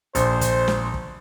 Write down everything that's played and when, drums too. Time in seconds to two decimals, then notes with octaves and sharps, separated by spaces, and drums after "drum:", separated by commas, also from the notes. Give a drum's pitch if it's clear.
0.15 A#1 C5, drum: hi-hat
0.41 drum: kick, hi-hat
0.68 drum: snare
0.94 drum: kick